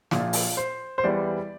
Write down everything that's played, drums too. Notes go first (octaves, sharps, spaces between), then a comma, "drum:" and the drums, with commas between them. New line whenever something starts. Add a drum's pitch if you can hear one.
A#1 A#2 F3 F4, drum: snare
drum: open hi-hat
C5
C5
E2 E3 G3 D5